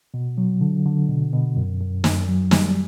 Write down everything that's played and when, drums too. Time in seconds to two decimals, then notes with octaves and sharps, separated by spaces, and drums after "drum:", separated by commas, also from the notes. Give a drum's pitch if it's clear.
0.14 B2
0.38 F#3
0.61 D3
0.85 D3
1.08 B2
1.33 B2
1.57 F#2
1.80 F#2
2.04 F#2, drum: snare
2.28 F#3
2.51 G3, drum: snare